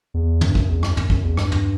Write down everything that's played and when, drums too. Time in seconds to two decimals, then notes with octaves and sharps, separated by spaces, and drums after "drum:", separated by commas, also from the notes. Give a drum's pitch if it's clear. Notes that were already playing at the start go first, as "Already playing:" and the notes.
0.14 E2
0.41 F#2, drum: tom
0.49 G2
0.55 F#2, drum: kick
0.69 E2
0.83 F#2, drum: rim click
0.97 F#2, drum: tom
1.10 F#2, drum: kick
1.24 E2
1.37 G2, drum: rim click
1.52 drum: tom